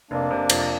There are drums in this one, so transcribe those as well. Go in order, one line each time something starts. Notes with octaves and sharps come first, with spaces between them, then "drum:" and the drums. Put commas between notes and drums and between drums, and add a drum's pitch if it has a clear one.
F1 A#3 D4
C3
F2, drum: cymbal